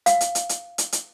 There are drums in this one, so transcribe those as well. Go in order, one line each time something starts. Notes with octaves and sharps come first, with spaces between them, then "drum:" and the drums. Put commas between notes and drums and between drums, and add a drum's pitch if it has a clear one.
F5, drum: hi-hat
drum: hi-hat
drum: hi-hat
drum: hi-hat
drum: hi-hat
drum: hi-hat